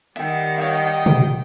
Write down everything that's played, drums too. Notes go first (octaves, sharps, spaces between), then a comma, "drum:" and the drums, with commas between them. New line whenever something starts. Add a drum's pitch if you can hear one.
D#3 G3 E5 F#5 G5, drum: hi-hat
C#5 D#5 F5 G5
drum: tom